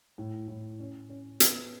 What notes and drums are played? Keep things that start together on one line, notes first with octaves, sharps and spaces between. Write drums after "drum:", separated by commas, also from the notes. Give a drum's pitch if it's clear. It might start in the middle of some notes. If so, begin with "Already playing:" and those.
A2
A2
C#4
C#4
B3, drum: hi-hat